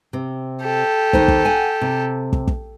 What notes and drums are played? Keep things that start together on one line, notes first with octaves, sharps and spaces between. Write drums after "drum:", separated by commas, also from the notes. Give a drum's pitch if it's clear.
C3 C4
G4 A4
D#2 D#4 C5, drum: kick
drum: kick
F#5 G#5
C3
drum: kick
drum: kick